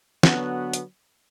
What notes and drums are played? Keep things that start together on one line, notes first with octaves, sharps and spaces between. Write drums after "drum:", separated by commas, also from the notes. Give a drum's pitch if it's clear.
D3 F#3 B3 F#4, drum: snare
drum: hi-hat